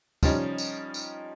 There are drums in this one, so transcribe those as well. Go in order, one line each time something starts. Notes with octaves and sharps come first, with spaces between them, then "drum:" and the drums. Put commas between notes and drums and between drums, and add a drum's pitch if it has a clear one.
F3 G3 C#4 D#4, drum: kick, tambourine
drum: tambourine
drum: tambourine